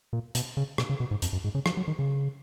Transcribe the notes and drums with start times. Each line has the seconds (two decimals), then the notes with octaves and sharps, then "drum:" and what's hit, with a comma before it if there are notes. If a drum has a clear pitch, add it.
0.13 A#2
0.35 B2, drum: hi-hat
0.57 C#3
0.78 B2, drum: rim click
0.90 C#3
1.00 B2
1.11 G#2
1.22 F2, drum: hi-hat
1.33 F#2
1.44 G#2
1.55 C#3
1.66 F3, drum: rim click
1.77 F#3
1.88 D#3
1.99 C#3